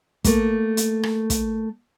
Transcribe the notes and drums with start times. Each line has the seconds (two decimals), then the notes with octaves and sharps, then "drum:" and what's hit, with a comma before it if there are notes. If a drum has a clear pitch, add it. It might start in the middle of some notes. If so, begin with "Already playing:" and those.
0.24 A3 A#3, drum: kick, hi-hat
0.77 drum: hi-hat
1.03 drum: rim click
1.30 drum: kick, hi-hat